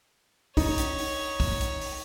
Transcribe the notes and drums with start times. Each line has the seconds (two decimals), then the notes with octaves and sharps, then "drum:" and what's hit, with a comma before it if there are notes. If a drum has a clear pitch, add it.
0.57 D#4 C#5, drum: kick B1, open hi-hat
0.78 drum: hi-hat
0.98 drum: open hi-hat
1.40 drum: kick B1, open hi-hat
1.61 drum: hi-hat
1.81 drum: open hi-hat